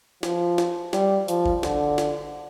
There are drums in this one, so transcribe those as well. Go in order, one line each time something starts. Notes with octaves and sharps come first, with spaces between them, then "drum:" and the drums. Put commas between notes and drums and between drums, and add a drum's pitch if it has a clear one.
F3, drum: snare
drum: snare
G3, drum: snare
F3, drum: hi-hat
drum: kick G1
D3, drum: snare
drum: snare